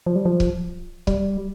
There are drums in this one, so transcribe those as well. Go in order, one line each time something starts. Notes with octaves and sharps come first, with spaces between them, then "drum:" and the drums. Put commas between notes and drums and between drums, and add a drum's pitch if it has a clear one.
F3
G3
F3
drum: kick C#1
G3, drum: kick C#1